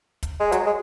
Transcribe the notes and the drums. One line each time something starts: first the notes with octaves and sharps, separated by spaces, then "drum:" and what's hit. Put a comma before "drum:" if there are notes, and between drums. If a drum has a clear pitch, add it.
drum: kick, hi-hat
G#3
F#3, drum: hi-hat
G#3